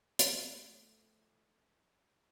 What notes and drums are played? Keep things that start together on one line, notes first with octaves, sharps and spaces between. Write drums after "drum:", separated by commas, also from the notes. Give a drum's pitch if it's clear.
F3 A3, drum: hi-hat